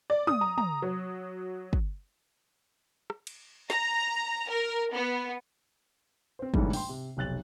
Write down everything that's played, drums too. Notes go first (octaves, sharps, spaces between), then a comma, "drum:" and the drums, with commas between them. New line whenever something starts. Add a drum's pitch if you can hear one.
D5
D#6, drum: tom
A#5
A#5, drum: tom
F#3
drum: kick
drum: rim click
drum: cymbal
A#5, drum: snare
A#4
B3
C4 C5
B1 G#2 D3 E3 G3 A3, drum: kick
G5 C6, drum: open hi-hat
C3
F1 B1 F#6 A6 F#7